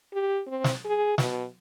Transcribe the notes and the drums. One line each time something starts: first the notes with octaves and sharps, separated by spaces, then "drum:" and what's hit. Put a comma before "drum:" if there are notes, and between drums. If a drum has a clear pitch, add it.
G4
C4
drum: snare
G#4
B2, drum: snare